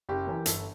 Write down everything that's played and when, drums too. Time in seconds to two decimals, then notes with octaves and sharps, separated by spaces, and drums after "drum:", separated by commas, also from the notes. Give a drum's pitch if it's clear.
0.09 F#1 G4
0.27 F#2 E3
0.46 G1 A4, drum: hi-hat